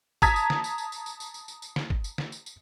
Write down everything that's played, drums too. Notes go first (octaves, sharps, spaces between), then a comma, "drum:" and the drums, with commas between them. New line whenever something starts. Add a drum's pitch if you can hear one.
A5 A#5 D#6 G#6 B6, drum: kick, tambourine
drum: tambourine
drum: snare
drum: tambourine
drum: tambourine
drum: tambourine
drum: tambourine
drum: tambourine
drum: tambourine
drum: tambourine
drum: tambourine
drum: snare
drum: kick
drum: tambourine
drum: snare
drum: tambourine
drum: tambourine